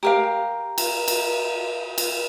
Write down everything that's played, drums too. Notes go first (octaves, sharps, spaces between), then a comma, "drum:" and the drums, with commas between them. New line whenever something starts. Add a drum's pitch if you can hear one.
G4 A#4 F5 A#5
drum: cymbal
drum: cymbal
drum: cymbal